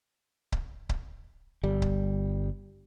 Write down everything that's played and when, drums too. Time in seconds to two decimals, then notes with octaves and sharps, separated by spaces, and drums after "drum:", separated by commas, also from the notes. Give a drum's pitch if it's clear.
0.52 drum: kick C#1
0.89 drum: kick C#1
1.63 G1 G3
1.82 drum: kick C#1